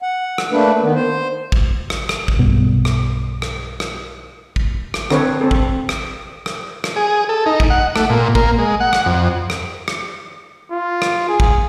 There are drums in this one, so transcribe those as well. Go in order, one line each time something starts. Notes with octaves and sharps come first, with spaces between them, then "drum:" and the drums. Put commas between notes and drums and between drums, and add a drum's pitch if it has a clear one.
F#5
drum: rim click
A3 A#3 D4 B4
D#3 B3
C5
drum: kick
drum: rim click
drum: rim click
drum: kick
B1 G2 B2
drum: rim click
drum: rim click
drum: rim click
drum: kick
drum: rim click
D3 C4 A4 B4 C#5, drum: rim click
C4 A4
drum: kick
drum: rim click
drum: rim click
drum: rim click
G#4
A4
D#4
drum: kick
F#5
A3, drum: rim click
A#2
A#3, drum: kick
G#3
F#5
drum: rim click
F2
drum: rim click
drum: rim click
F4
drum: rim click
G#4
drum: kick